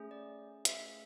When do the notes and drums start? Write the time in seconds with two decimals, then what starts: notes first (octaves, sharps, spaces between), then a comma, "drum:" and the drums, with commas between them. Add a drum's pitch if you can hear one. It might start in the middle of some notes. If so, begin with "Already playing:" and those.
Already playing: A3 C#4 G#4
0.11 D5
0.65 E5, drum: hi-hat